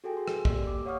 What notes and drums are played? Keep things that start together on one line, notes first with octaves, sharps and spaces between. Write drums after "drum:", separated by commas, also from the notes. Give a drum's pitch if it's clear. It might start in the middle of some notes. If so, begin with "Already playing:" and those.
F#4 G#4 A4 G5 G#5
C6
drum: rim click
A#3 G4 D5 E6, drum: kick
D6
C#5 F5 F#5 C#6 D#6 F6